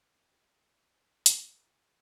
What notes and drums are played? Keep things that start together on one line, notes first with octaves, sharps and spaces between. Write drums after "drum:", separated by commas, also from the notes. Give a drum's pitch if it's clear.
C2 C3 F3 G5
G5
D#2 D#3 G#5
G5, drum: hi-hat
A#5
D#2 D#3 G#5